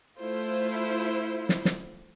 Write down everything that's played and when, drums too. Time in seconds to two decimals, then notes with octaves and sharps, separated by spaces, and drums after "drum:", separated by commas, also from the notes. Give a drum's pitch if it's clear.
0.20 A3 E4 F4 C5
1.49 drum: snare
1.65 drum: snare